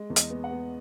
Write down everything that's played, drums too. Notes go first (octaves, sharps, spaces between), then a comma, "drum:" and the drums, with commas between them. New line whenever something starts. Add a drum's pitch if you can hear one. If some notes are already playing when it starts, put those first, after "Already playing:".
Already playing: G#3
E2
D#5, drum: hi-hat
B3
F#5
B3